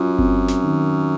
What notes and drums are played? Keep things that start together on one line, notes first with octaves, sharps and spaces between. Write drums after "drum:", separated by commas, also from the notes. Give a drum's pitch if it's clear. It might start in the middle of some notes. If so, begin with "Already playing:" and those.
Already playing: F#2 F4
C4, drum: kick G1
drum: snare
D#3